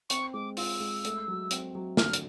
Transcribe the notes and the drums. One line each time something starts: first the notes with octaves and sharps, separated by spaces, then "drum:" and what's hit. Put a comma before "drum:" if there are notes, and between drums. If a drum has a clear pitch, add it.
C4 C#6, drum: hi-hat
G#3 D6
F4 E6, drum: open hi-hat
G#3
A3, drum: hi-hat
F#3
C4, drum: hi-hat
F#3
D3 F6, drum: snare
drum: hi-hat